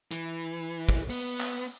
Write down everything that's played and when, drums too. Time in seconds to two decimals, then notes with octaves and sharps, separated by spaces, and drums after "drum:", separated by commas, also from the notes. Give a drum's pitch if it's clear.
0.11 E3, drum: hi-hat
0.89 drum: kick
1.10 B3, drum: open hi-hat
1.40 drum: clap